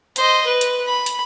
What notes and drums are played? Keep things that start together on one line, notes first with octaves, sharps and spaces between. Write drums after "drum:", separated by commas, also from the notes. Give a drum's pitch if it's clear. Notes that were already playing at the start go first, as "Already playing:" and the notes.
C5 D#5, drum: hi-hat
B4
drum: hi-hat
B5
drum: hi-hat